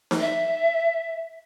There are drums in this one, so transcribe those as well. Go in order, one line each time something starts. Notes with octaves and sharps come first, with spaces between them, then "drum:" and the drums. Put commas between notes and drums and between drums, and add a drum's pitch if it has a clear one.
drum: snare D#4
E5